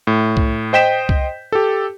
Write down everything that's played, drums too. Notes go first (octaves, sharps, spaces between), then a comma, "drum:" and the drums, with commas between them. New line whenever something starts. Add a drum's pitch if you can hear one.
A2
drum: kick C2
C5 D#5 G5 G6 B6 E7
drum: kick C2
G4 A4